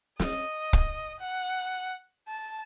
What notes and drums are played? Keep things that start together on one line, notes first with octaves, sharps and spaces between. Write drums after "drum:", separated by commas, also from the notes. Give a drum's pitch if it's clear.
D#5, drum: snare
drum: kick
F#5
A5